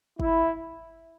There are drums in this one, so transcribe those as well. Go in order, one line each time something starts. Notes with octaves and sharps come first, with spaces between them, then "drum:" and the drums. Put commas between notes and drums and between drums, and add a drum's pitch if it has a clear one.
E4, drum: kick